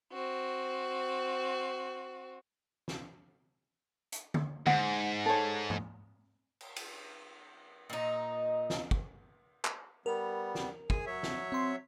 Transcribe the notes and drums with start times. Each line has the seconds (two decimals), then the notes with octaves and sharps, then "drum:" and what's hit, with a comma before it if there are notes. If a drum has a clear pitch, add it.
0.11 C4 F#4
2.88 drum: snare
4.12 drum: hi-hat
4.34 drum: tom D3
4.67 G#2 F#5, drum: tom D3
5.26 A4 C#5
5.70 drum: tom
6.61 drum: cymbal
6.76 drum: cymbal
7.90 A#2 D#4
8.70 drum: snare
8.91 drum: kick
9.65 drum: clap
10.06 G3 B3 A#4
10.55 drum: snare
10.90 G#4 G#5, drum: kick
11.06 F#3 C#5 E5
11.23 drum: snare
11.52 C4 C6 C7